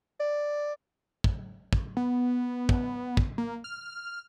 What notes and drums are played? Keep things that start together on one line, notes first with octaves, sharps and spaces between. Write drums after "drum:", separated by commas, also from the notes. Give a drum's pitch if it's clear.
D5
drum: kick
drum: kick
B3
drum: kick
drum: kick
A#3
F6